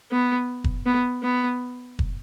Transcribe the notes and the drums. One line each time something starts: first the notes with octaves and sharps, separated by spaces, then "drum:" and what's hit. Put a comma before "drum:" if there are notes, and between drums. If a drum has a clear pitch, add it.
B3
drum: kick
B3
B3
drum: kick